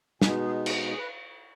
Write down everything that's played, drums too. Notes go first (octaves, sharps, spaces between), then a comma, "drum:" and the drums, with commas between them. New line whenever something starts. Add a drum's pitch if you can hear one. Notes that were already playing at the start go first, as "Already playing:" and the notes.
B2 G#3 B3 D#4 G#5, drum: snare
G#4
G#4, drum: cymbal
G#4
B4